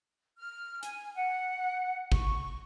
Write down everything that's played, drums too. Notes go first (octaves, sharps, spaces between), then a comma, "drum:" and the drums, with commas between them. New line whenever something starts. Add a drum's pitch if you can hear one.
F6
G#5, drum: hi-hat
F#5
C#6, drum: kick G1